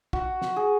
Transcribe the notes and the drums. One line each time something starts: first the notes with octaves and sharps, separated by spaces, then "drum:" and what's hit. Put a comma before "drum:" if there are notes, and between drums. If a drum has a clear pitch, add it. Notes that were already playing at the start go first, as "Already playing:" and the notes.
F#4, drum: kick
drum: snare
G#4